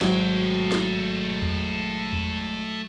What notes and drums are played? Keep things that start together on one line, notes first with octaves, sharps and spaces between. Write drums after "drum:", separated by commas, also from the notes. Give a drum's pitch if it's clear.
G#1 F#3 A3 C5 G5, drum: snare
drum: snare
drum: tom E2
drum: tom E2